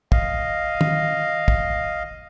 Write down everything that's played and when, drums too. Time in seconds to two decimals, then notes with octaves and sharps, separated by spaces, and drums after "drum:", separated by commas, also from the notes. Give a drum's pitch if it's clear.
0.12 D#5 F5, drum: kick
0.81 drum: tom
1.48 drum: kick